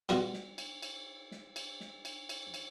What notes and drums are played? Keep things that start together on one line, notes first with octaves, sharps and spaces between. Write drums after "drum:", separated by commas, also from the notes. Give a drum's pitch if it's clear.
B2 G3 F4 F#4, drum: cymbal
drum: snare
drum: cymbal
drum: cymbal
drum: snare
drum: cymbal
drum: snare
drum: cymbal
drum: cymbal
drum: cymbal